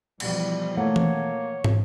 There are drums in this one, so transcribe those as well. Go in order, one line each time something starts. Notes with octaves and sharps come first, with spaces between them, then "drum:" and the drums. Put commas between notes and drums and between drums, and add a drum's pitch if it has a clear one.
B2 E3 F3 G3, drum: cymbal
A3 A#3 C#5 F#5
drum: tom E3
drum: tom